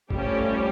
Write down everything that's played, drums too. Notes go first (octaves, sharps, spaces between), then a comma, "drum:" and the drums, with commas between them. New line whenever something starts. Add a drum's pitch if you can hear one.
F3 G3 A3 C#4 G4, drum: kick F#1